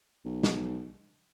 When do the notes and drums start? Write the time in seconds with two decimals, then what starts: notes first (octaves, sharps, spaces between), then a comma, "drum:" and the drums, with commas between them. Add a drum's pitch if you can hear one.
0.25 B1
0.43 drum: snare